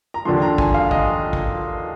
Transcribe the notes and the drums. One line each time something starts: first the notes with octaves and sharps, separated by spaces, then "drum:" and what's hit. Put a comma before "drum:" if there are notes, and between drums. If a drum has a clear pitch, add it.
A#5
D#2 D3 F3 C6
A#5
G#5, drum: kick
F5
D#5, drum: kick
drum: kick